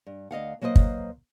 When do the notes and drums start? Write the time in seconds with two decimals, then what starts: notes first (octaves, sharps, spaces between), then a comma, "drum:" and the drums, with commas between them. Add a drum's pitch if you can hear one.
0.07 G2
0.31 D2 D#5 F5 F#5
0.61 F#3 A#3 B4 C5 D#5
0.76 drum: kick